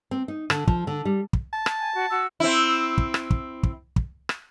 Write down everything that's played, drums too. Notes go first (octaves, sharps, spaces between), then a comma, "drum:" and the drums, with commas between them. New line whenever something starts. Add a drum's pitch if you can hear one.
C4
D#4
D3, drum: rim click
F3, drum: kick
D3
G3
drum: kick
A5
drum: rim click
G#5
F#4
F#4 E6
C4 E4
drum: kick
drum: rim click
drum: kick
drum: kick
drum: kick
drum: rim click